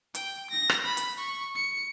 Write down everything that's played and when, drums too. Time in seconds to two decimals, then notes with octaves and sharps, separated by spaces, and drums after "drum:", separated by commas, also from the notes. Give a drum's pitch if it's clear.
0.15 G5, drum: hi-hat
0.51 A#6
0.70 drum: rim click
0.86 B5
0.97 drum: hi-hat
1.18 C#6
1.55 C#7